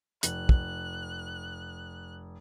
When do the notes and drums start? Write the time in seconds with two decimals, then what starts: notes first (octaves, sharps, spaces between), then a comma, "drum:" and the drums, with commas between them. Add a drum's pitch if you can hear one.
0.23 F1 F#6, drum: hi-hat
0.49 drum: kick